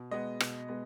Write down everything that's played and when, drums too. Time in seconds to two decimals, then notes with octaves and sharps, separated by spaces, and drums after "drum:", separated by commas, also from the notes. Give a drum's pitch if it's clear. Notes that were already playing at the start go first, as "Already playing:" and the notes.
Already playing: B2
0.11 G#3 B3 D#5
0.40 B2, drum: rim click
0.69 G#3 B3